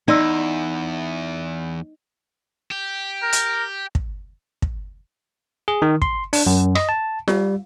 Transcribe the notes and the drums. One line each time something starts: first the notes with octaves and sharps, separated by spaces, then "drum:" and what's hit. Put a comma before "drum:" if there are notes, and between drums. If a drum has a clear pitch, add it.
E2 D#4 D5 C6 E6
G4
A#4
drum: hi-hat
drum: kick
drum: kick
G#4
D#3
C6, drum: kick
D4, drum: open hi-hat
F#2
D#5, drum: rim click
A5
G3, drum: snare F4